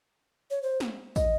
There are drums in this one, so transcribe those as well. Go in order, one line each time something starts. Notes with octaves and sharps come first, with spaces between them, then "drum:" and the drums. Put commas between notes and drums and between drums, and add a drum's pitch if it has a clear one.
C#5
C5
drum: snare
D#5, drum: kick, tambourine